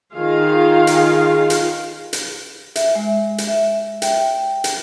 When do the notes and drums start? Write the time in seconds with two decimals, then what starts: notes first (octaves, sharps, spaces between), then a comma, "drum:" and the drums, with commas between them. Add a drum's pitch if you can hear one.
0.15 D#3 F4 G#4 F5
0.87 drum: hi-hat
1.50 drum: hi-hat
2.13 drum: hi-hat
2.76 E5, drum: hi-hat
2.95 G#3
3.38 drum: hi-hat
3.48 E5
4.02 G5, drum: hi-hat
4.64 drum: hi-hat